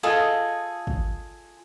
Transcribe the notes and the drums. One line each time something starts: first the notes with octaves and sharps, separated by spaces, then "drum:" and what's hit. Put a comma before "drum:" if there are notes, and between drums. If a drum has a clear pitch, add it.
F4 G#4 A4 D#5
drum: kick